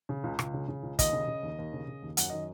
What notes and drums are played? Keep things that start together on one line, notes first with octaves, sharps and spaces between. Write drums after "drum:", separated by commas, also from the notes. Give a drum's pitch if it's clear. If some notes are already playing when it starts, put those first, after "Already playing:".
C#3
C#2
C#2, drum: rim click
C#3
C#3
C#2
D#2 D#5, drum: kick, hi-hat
C#3
C#3
D#2
D#2
C#3
C#3
D#2
F#2 F#5, drum: hi-hat
D#3 D#5